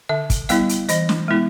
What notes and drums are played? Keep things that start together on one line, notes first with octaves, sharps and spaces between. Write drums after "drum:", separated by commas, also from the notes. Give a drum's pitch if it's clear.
D3 E5
drum: kick, hi-hat
G3 B3 E4 F5, drum: hi-hat
drum: hi-hat
E3 D#5, drum: hi-hat
drum: snare
G#3 B3 E4